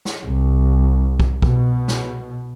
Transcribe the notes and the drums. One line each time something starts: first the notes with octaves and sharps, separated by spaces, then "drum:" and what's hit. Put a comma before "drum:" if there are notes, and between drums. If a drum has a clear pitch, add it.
drum: snare
C2
drum: kick
B2, drum: kick
drum: snare